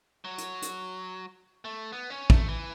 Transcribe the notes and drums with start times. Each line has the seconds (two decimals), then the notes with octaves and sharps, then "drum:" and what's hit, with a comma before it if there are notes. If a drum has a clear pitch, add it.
0.25 F#3
0.38 drum: hi-hat
0.62 drum: hi-hat
1.65 A3
1.92 B3
2.10 C#4
2.30 A3, drum: kick
2.48 E3